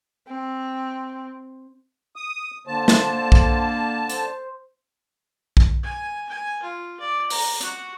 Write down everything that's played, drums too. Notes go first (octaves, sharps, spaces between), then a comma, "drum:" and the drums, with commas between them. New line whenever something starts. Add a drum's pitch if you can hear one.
C4
D#6
D3 A#3 C5 A5
drum: snare
drum: kick B1
C5, drum: hi-hat
drum: kick B1
G#5
G#5
F4
D5
A#5, drum: open hi-hat
F#4, drum: hi-hat